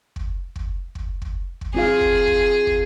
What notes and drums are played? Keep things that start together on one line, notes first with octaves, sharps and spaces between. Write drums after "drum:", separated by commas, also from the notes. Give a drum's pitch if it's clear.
drum: kick
drum: kick
drum: kick
drum: kick
drum: kick
C4 F4 G#4 F5
drum: kick
drum: kick
drum: kick